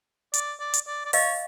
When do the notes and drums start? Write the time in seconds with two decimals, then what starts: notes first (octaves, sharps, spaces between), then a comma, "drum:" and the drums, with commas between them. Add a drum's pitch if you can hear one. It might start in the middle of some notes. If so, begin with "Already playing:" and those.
0.34 D5, drum: hi-hat
0.60 D5
0.73 drum: hi-hat
0.87 D5
1.05 D5
1.13 C#5 D#5 F5, drum: open hi-hat